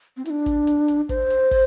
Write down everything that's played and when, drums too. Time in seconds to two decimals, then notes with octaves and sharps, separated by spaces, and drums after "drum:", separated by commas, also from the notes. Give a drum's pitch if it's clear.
0.17 C4
0.25 E4, drum: hi-hat
0.30 D4
0.46 drum: kick, hi-hat
0.67 drum: hi-hat
0.88 drum: hi-hat
1.09 C5, drum: kick, hi-hat
1.30 drum: hi-hat
1.51 drum: kick, open hi-hat